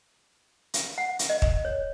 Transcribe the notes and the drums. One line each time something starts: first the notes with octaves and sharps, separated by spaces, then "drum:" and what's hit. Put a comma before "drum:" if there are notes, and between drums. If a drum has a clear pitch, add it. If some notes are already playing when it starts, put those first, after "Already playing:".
drum: hi-hat
F#5
drum: hi-hat
D#5
drum: kick
C#5